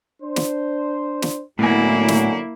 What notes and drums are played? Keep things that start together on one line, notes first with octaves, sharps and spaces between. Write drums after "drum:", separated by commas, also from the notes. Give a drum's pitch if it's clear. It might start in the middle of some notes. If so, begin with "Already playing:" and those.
D4 C5
drum: snare
drum: snare
B1 A2 D3 F#3 A#3 B3 E4 G#5
drum: snare